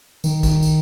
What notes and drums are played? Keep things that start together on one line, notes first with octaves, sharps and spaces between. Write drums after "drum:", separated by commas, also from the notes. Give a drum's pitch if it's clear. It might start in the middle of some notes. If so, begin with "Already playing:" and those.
D#3, drum: tambourine
drum: kick, tambourine
drum: tambourine